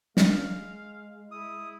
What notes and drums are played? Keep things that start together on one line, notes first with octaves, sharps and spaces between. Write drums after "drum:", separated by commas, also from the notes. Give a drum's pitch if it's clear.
G#3 F5, drum: snare
E4 D#6